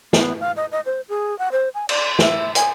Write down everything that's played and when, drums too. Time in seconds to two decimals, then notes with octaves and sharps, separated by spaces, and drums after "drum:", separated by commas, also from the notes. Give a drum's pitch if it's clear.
0.13 B3, drum: snare
0.40 F5
0.56 D#5
0.72 D#5
0.86 C5
1.09 G#4
1.39 F#5
1.52 C5
1.74 G#5
1.89 D5, drum: cymbal
2.19 E5, drum: snare
2.55 G#5, drum: hi-hat